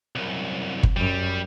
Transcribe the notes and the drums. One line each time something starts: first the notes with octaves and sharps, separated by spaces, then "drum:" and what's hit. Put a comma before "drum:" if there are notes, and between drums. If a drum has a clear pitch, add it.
C2 F#2
drum: kick G1
F#2 G3